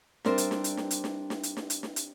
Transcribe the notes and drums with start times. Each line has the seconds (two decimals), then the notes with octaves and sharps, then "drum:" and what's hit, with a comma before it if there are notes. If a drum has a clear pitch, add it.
0.25 G3 C4 D4 A#4 C5 E5, drum: snare
0.38 drum: hi-hat
0.51 drum: snare
0.64 drum: hi-hat
0.77 drum: snare
0.91 drum: hi-hat
1.04 drum: snare
1.30 drum: snare
1.43 drum: hi-hat
1.57 drum: snare
1.70 drum: hi-hat
1.83 drum: snare
1.96 drum: hi-hat